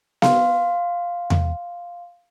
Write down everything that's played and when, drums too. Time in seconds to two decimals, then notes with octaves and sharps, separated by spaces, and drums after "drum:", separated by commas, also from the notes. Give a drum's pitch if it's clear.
0.22 F5 C6, drum: snare B3
1.30 drum: tom E2